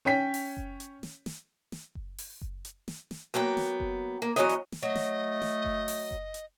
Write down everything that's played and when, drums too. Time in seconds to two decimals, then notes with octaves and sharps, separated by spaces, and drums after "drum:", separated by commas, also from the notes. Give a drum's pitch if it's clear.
0.05 C#4 C#5 G5 B6
0.34 drum: open hi-hat
0.57 drum: kick F#1
0.80 drum: hi-hat
1.03 drum: snare
1.26 drum: snare
1.72 drum: snare
1.95 drum: kick F#1
2.18 drum: open hi-hat
2.41 drum: kick F#1
2.65 drum: hi-hat
2.88 drum: snare
3.11 drum: snare
3.34 F#3 A#3 B3 G5
3.57 drum: snare
3.80 drum: kick F#1
4.22 A#3
4.36 E2 D#3 E3 F#3 C#5 D#5
4.49 drum: hi-hat
4.72 drum: snare
4.83 F#3 A3 D#5
4.95 drum: snare
5.42 drum: snare
5.65 drum: kick F#1
5.88 drum: open hi-hat
6.11 drum: kick F#1
6.34 drum: hi-hat